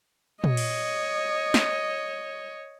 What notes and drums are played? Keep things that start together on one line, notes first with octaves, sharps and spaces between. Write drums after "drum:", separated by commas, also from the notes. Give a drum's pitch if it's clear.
C#5 D#5, drum: tom A#2
drum: cymbal
drum: snare